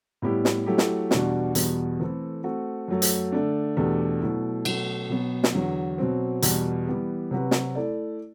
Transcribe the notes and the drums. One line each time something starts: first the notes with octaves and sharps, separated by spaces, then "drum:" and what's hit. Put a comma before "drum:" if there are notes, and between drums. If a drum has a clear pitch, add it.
A2 G3 B3 E4 G4
drum: snare
F#3 A3 E4 G4
drum: snare
E2 B2 G3 D4 F#4, drum: snare
E2 B2 G3 B3, drum: hi-hat
E3 A3 C4 E4 A4
A3 C4 F#4
F#2 F#3 A3
drum: hi-hat
D3 A3 D4
E2 B2 A3 D4 G4
B2 F#3 A3 E4
B2 F#3 A3, drum: cymbal
B2 F#3 B3
drum: snare
E2 D3 F#3
B2 F#3 C4
E2 B2 G3, drum: hi-hat
E3 G3 B3 E4 G4
C3 F#3 C4 F#4 B4
drum: snare
A3 E4 A4 D5